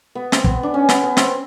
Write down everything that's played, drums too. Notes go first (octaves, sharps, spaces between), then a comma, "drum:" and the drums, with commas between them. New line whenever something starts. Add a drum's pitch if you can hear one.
B3
C4, drum: snare
B3, drum: kick
D4
C#4
B3, drum: snare
B3
C4, drum: snare